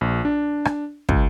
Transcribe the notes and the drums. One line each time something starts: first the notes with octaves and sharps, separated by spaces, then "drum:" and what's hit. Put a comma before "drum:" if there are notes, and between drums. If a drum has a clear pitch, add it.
A#1
D4
drum: rim click
C#2, drum: kick